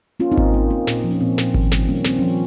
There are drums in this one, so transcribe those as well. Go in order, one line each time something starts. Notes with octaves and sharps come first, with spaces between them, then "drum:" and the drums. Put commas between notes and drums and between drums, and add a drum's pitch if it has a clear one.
A#3 C#4 F4
C4 D#4
A#3, drum: kick G#1
A#3
A#3
A#2, drum: snare
F3
C#4
A#2 C4
A#2, drum: snare
D#3, drum: kick G#1
G3, drum: snare
G3 A#3 C#4
A#3 C4, drum: snare
F3 C#4